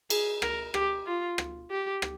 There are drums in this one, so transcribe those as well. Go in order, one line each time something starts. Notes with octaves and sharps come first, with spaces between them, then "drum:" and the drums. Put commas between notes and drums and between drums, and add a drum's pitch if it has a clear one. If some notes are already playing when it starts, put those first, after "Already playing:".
G#4, drum: cymbal
A#4, drum: rim click
G4, drum: rim click
F4
drum: rim click
G4
drum: rim click